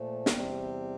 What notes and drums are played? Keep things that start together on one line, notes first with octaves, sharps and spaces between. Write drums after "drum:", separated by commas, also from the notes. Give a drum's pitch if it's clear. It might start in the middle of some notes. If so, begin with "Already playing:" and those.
Already playing: A#2 F3 A3
E2 C3 G3 C4 G4, drum: snare